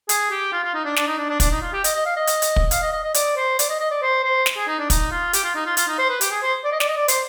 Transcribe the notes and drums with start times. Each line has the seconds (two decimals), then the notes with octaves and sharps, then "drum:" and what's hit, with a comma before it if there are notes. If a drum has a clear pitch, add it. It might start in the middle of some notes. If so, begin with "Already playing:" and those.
0.09 G#4, drum: hi-hat
0.31 G4
0.52 F4
0.64 F4
0.74 D#4
0.85 D4
0.96 D4, drum: snare
1.08 D#4
1.18 D4
1.30 D4
1.40 D4, drum: kick, hi-hat
1.51 D#4
1.62 F4
1.73 G4
1.84 D#5, drum: hi-hat
1.95 D#5
2.06 F5
2.16 D#5
2.27 drum: hi-hat
2.42 drum: hi-hat
2.56 drum: kick
2.71 F5, drum: hi-hat
2.82 D#5
2.93 D#5
3.04 D#5
3.14 D5, drum: hi-hat
3.37 C5
3.59 D5, drum: hi-hat
3.70 D#5
3.80 D#5
3.91 D5
4.02 C5
4.24 C5
4.46 drum: snare
4.56 G#4
4.68 D#4
4.79 D4
4.90 D#4, drum: kick, hi-hat
5.11 F4
5.33 G4, drum: hi-hat
5.44 F4
5.55 D#4
5.66 F4
5.77 F4, drum: hi-hat
5.88 D#4
5.99 C5
6.10 B4
6.21 G4, drum: hi-hat
6.31 G#4
6.43 C5
6.64 D5
6.72 D#5
6.80 D5, drum: snare
6.88 D#5
6.96 D5
7.08 C5, drum: hi-hat